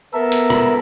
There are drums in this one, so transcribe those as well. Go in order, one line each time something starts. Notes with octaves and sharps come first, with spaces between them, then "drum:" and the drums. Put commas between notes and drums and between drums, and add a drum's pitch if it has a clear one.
B3 A4 A#4 E5
drum: hi-hat
drum: rim click